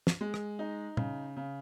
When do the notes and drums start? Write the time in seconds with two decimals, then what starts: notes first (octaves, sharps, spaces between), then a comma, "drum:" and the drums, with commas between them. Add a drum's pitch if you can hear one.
0.07 drum: snare
0.21 G#3
0.34 drum: rim click
0.59 D#4
0.97 C#3, drum: tom A#2
1.36 C#3